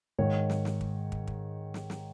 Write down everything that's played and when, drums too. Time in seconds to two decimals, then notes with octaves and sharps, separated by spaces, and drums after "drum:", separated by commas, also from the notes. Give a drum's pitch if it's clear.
0.19 G#2 D#3 C#5
0.50 drum: snare
0.65 drum: snare
0.81 drum: kick
1.12 drum: kick
1.27 drum: kick
1.74 drum: snare
1.90 drum: snare